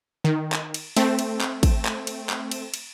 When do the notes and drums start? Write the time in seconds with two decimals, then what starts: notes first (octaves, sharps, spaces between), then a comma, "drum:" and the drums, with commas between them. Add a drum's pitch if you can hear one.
0.24 D#3
0.52 drum: clap
0.74 drum: cymbal
0.97 A3 C4, drum: cymbal
1.19 drum: cymbal
1.41 drum: clap
1.63 drum: kick, cymbal
1.85 drum: clap
2.07 drum: cymbal
2.29 drum: clap
2.51 drum: cymbal
2.74 drum: cymbal